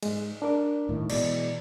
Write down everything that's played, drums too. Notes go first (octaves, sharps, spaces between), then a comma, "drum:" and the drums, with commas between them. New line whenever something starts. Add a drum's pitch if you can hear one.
G#2 G#3, drum: cymbal
D4 A#4 D6
A2 D#3
B2 E3 G#3 D5, drum: cymbal